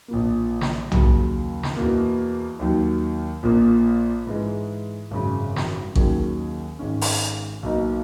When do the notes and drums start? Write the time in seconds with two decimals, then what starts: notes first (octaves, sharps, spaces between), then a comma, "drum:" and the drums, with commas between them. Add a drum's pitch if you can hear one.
0.08 A#1 A#2 A#3
0.61 drum: snare
0.92 D#2 C#3 F#3, drum: tom B1
1.63 drum: snare
1.76 E2 B2 A#3
2.59 D#2 D#3 F#3
3.43 A#1 A#2 A#3
4.27 G#2 E3 G#3
5.11 G#1 F#2 C#3
5.56 drum: snare
5.95 D#2 D#3 F#3 C#4 G#4, drum: kick A1
6.79 G#1 G#2 D#3 G#3 C#4
7.01 drum: open hi-hat
7.63 B1 B2 A#3 D#4